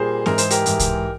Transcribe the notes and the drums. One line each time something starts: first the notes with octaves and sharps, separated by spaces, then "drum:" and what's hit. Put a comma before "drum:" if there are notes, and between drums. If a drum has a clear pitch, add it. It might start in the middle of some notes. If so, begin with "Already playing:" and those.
Already playing: A#2 G3 A#3 G#4 C5
G#2 E3 G#3 A#4, drum: snare C4
C5, drum: hi-hat
G4 A#4, drum: hi-hat
G#2 E3 G#3, drum: hi-hat
drum: kick, hi-hat